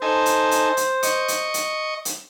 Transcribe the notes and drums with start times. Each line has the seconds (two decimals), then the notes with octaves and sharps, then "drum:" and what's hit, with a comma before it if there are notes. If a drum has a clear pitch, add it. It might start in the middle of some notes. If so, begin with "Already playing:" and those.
0.02 D#4 A4 C5 G#5
0.26 drum: hi-hat
0.51 drum: hi-hat
0.77 drum: hi-hat
1.03 D#5 C#6, drum: hi-hat
1.28 drum: hi-hat
1.54 drum: hi-hat
2.05 drum: hi-hat